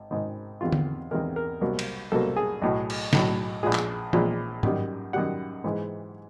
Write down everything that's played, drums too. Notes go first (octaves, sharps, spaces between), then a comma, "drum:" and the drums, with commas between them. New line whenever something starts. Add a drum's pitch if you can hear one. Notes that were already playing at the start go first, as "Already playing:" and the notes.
Already playing: G#1
G#1 G#2 D#3
E2 C3 D#3 G#3 F4
drum: tom D3
E2 C3 D#3 G#3 A#4
A#4
C2 B2 F#3 A#3
drum: cymbal
C2 B2 F#3 A#3 A4
G#4
B1 A2 F#3
drum: cymbal
B1 A2 F#3, drum: snare
A#1 A#2 F3 G#3 G#4
drum: clap
A#1 A#2 F3 G#3, drum: tom E3
F#2 D#3 G3, drum: tom G#2
F#2 D#3 G3 F#5
G#2 E3 G#3